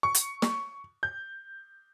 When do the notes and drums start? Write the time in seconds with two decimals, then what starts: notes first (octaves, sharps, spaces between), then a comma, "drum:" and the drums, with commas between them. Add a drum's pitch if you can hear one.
0.03 C#6
0.15 drum: hi-hat
0.42 drum: snare
1.03 G6